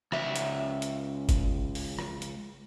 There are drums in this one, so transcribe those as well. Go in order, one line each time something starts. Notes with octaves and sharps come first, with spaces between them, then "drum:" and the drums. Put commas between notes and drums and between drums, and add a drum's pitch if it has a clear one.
C#2 E5, drum: rim click
drum: hi-hat
drum: hi-hat
drum: kick G1, hi-hat
drum: open hi-hat
drum: rim click
drum: hi-hat